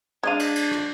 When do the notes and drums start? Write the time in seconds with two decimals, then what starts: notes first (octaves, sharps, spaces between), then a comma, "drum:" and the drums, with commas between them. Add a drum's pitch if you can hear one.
0.23 G#3 D4 D#5 F5 G#6 D#7
0.39 drum: cymbal
0.55 drum: cymbal
0.71 drum: rim click